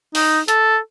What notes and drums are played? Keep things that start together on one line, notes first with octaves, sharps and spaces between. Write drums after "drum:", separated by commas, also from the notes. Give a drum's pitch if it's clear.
D#4, drum: open hi-hat
A4, drum: hi-hat